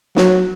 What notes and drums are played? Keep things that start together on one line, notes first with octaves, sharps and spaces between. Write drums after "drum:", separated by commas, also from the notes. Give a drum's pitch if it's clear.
F#3, drum: snare